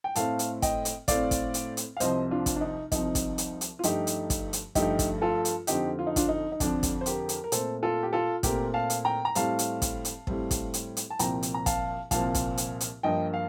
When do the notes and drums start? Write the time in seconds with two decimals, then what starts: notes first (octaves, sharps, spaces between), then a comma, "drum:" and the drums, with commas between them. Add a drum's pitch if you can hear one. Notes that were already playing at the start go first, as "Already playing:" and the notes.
0.04 G5
0.15 A2 A3 C4 F5 A5, drum: hi-hat
0.39 drum: hi-hat
0.62 D#5 G5, drum: kick, hi-hat
0.85 drum: hi-hat
1.08 A2 A3 C4 D5 F5, drum: kick, hi-hat
1.31 drum: kick, hi-hat
1.54 drum: hi-hat
1.77 drum: hi-hat
1.97 F5
2.00 C2 C3 F3 C4 C5 D#5, drum: hi-hat
2.31 D4 F4
2.46 drum: kick, hi-hat
2.56 D4
2.61 D#4
2.92 C2 C3 F3 C4 D#4, drum: kick, hi-hat
3.15 drum: kick, hi-hat
3.38 drum: hi-hat
3.61 drum: hi-hat
3.79 F4
3.83 G2 F3 A3 D#4 G4, drum: hi-hat
4.07 drum: hi-hat
4.30 drum: kick, hi-hat
4.53 drum: hi-hat
4.75 G2 F3 A3 D#4 G4, drum: kick, hi-hat
4.99 drum: kick, hi-hat
5.22 F4 A4
5.45 drum: hi-hat
5.67 F2 D3 F3 C4 D#4 G4, drum: hi-hat
5.99 F4
6.07 D#4
6.16 D4 F4, drum: kick, hi-hat
6.29 D#4
6.52 D#4
6.60 F2 D3 F3 C4 D4, drum: kick, hi-hat
6.83 drum: kick, hi-hat
7.01 C5
7.06 G4 A#4, drum: hi-hat
7.29 drum: hi-hat
7.44 A#4
7.52 A#2 A3 C4 A4 C5, drum: hi-hat
7.83 F4 A4
8.03 G4
8.13 F4 A4
8.43 A#2 A3 C4 G4 A#4, drum: kick, hi-hat
8.74 F5 A5
8.90 drum: hi-hat
9.05 G5 A#5
9.25 A#5
9.35 A2 G3 C4 F5 A5, drum: hi-hat
9.59 drum: hi-hat
9.82 drum: kick, hi-hat
10.05 drum: hi-hat
10.27 A2 G3 C4, drum: kick
10.51 drum: kick, hi-hat
10.74 drum: hi-hat
10.97 drum: hi-hat
11.10 A5
11.19 C2 A#2 F3 C4 G5 A#5, drum: hi-hat
11.43 drum: hi-hat
11.54 A#5
11.66 F5 A5, drum: kick, hi-hat
12.11 C2 A#2 F3 C4 F5 A5, drum: kick, hi-hat
12.35 drum: kick, hi-hat
12.58 drum: hi-hat
12.80 drum: hi-hat
13.03 G2 F3 A#3 D#5 G5
13.34 F5